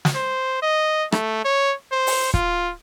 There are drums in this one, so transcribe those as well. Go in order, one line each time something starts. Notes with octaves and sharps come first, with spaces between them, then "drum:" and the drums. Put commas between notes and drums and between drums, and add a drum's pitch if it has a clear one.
drum: snare
C5
D#5
A3, drum: rim click
C#5
C5
drum: open hi-hat
F4, drum: kick